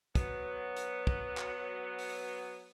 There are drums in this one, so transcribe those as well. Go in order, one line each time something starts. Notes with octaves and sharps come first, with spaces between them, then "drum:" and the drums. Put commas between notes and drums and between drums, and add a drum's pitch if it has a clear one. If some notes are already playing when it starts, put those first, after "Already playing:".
F#3 B3, drum: kick, hi-hat
drum: hi-hat
drum: kick
drum: clap
drum: open hi-hat